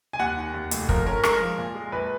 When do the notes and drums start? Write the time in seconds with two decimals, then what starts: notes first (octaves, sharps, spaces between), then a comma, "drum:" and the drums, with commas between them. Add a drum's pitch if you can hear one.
0.13 G#5
0.20 D#2 F#5
0.37 D#3
0.54 D#2
0.71 F1, drum: hi-hat
0.89 F3 A#4, drum: kick
1.06 C#4 A#4
1.23 G#3 A#4, drum: rim click
1.40 F3
1.58 A#2
1.75 G#3
1.92 A#1 B4